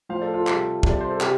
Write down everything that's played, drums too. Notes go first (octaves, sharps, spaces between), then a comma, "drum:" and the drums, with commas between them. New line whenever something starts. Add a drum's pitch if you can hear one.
A2 F3 C5 F5
A4 D5
F4 A4
C3 G3, drum: clap
C3 G3, drum: kick
D5
C5
A4
C3 G4, drum: clap